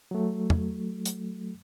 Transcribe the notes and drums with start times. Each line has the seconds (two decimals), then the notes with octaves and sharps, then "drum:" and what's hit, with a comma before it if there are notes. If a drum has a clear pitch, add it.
0.11 F#3 A3
0.50 drum: tom
1.05 drum: hi-hat